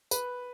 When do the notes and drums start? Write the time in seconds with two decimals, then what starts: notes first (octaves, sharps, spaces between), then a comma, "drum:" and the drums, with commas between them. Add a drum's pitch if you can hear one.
0.11 B4, drum: tambourine